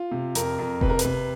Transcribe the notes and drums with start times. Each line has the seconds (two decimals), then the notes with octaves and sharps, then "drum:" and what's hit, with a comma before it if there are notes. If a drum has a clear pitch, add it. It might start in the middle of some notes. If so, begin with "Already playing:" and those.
Already playing: F4
0.11 C3
0.35 F2 A#4, drum: hi-hat
0.59 F2
0.81 C3 B4, drum: kick F1
0.90 A#4
0.99 B4, drum: hi-hat
1.04 C3